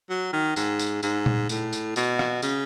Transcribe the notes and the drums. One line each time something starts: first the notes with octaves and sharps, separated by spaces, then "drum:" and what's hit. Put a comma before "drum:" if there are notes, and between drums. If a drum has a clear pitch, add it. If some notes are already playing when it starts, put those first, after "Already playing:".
F#3
D#3
G#2, drum: tambourine
drum: tambourine
G#2, drum: tambourine
drum: tom A#2
A2, drum: tambourine
drum: tambourine
B2, drum: tambourine
drum: rim click
C#3, drum: tambourine